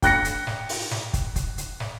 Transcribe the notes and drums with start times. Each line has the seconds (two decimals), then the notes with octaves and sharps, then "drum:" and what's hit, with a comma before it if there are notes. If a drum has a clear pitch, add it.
0.02 G5 F#6 A#6 C#7, drum: kick, hi-hat
0.25 drum: hi-hat
0.47 drum: snare
0.69 drum: open hi-hat
0.91 drum: snare
1.13 drum: kick, hi-hat
1.36 drum: kick, hi-hat
1.58 drum: hi-hat
1.80 drum: snare